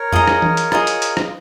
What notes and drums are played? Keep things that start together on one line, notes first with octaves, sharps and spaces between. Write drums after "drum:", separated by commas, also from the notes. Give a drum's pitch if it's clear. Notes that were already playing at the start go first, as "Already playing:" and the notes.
Already playing: A#4 C#5
F4 G#4 D#5 A#5, drum: tom F2
drum: rim click
drum: tom E3
drum: hi-hat
F4 G#4 D#5 A#5, drum: rim click
drum: hi-hat
drum: hi-hat
drum: rim click